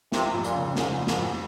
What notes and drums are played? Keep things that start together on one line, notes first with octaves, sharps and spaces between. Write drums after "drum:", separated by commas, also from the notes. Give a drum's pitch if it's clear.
C3 F3, drum: snare
F2
A#2, drum: hi-hat
C#3
F2 G#2, drum: snare
F3
G#2, drum: snare
F2